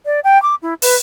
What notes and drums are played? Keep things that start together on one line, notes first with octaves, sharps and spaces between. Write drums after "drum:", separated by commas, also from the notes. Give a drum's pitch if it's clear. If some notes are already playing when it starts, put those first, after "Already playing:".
D5
G5
D6
E4
B4, drum: open hi-hat